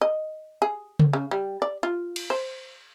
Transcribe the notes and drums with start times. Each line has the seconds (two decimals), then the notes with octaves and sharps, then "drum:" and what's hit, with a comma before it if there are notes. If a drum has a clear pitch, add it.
0.01 D#5
0.62 G#4
0.99 drum: tom C#3
1.13 C#3
1.31 G3
1.62 D5
1.83 F4
2.16 drum: cymbal
2.30 C5